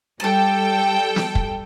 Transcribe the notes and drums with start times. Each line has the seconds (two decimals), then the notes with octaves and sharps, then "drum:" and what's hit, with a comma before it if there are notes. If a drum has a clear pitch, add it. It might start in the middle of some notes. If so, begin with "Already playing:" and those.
0.20 G3 G4 A4 G5 A5
1.16 drum: snare
1.35 drum: kick